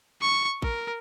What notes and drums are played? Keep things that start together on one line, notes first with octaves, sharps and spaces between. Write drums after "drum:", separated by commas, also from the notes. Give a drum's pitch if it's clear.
C#6
A#4, drum: kick A1